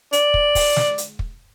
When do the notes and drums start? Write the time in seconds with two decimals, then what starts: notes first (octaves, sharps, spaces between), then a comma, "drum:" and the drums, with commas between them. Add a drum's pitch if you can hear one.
0.13 D5, drum: hi-hat
0.34 drum: kick
0.55 drum: kick, open hi-hat
0.76 drum: snare
0.98 drum: hi-hat
1.19 drum: kick